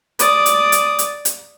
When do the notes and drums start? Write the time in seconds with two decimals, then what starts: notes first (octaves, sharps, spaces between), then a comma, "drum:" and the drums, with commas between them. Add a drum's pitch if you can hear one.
0.19 D5 D#6, drum: hi-hat
0.46 drum: hi-hat
0.72 drum: hi-hat
0.99 drum: hi-hat
1.25 drum: hi-hat